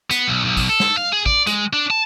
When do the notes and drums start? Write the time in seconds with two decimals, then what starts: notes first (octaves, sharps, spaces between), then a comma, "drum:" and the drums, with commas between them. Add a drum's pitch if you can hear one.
0.11 B3, drum: hi-hat
0.28 B1
0.45 B1
0.57 drum: kick A1, open hi-hat
0.69 A4
0.80 drum: snare
0.97 F5
1.13 G#4
1.26 D5, drum: kick A1
1.47 G#3, drum: hi-hat
1.73 D4
1.90 A5